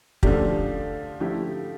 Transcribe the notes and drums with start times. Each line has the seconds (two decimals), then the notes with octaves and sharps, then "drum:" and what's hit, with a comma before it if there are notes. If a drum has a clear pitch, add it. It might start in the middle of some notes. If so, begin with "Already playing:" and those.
0.23 D3 F3 A3 D4 G4, drum: kick
1.20 D3 F3 A3 E4 G4